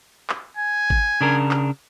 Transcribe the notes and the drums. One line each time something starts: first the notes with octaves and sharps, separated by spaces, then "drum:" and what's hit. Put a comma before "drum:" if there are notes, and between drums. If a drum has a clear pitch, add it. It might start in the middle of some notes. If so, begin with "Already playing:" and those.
drum: clap
G#5
drum: kick G#1
C#3 D4 A#4
drum: clap